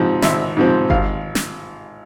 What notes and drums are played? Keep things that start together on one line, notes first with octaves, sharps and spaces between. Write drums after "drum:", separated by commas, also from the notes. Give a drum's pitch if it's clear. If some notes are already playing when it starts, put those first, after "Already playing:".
Already playing: G#2 F3 C4
G#1 E5, drum: snare
G#2 F3 C4
G#1 F5, drum: kick G1
drum: snare